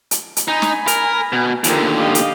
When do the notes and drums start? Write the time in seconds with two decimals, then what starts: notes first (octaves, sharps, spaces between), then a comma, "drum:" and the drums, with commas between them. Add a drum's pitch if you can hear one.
0.11 drum: hi-hat
0.37 drum: hi-hat
0.48 D#4 G#5 B5
0.62 drum: snare
0.87 A#4, drum: hi-hat
1.32 B2
1.64 D#2 D3 F3 G4 A#4, drum: hi-hat
1.94 G4 D#5 F5
2.15 drum: hi-hat